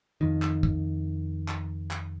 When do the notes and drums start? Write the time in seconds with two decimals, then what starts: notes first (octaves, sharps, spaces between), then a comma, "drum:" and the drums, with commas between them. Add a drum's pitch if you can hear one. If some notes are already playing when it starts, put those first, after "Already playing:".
0.21 F2 D#3
0.42 drum: clap
0.63 drum: kick
1.48 drum: clap
1.91 drum: clap